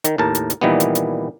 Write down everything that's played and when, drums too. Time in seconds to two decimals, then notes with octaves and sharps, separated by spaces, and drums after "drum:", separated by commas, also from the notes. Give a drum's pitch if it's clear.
0.04 D#3, drum: hi-hat
0.18 D#2 A2 A#4 A5
0.35 drum: hi-hat
0.50 drum: hi-hat
0.61 A#2 D#3 E3 G3 B3
0.80 drum: hi-hat
0.95 drum: hi-hat